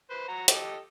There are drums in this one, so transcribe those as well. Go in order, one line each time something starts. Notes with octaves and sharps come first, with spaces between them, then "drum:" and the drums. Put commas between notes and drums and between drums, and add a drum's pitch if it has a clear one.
B4 C5
F#4 A#5
G4 A4 D#5, drum: hi-hat